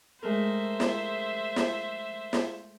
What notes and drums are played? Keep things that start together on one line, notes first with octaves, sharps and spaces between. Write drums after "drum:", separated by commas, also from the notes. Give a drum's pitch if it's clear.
G#3 A3 A#4 C5 E5
drum: snare
drum: snare
drum: snare